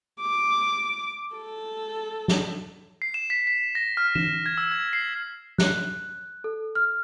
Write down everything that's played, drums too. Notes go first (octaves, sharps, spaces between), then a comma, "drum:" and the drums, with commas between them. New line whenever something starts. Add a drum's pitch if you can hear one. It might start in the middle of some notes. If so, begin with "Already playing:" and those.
D6
A4
drum: snare
C7
E7
B6
B6
A#6
F6
E7, drum: tom E3
G#6
E6
G#6
C7
F#6, drum: snare
A4
F6